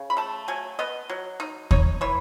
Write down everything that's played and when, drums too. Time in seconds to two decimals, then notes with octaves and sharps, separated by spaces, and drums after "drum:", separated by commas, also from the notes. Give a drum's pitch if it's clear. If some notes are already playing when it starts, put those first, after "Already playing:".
Already playing: C#3
0.10 B5
0.17 A3 A5
0.48 F#3 G#5
0.79 B3 D#5
1.10 F#3
1.40 D#4
1.71 D#4 C#5, drum: kick D#2
2.01 E3 C#5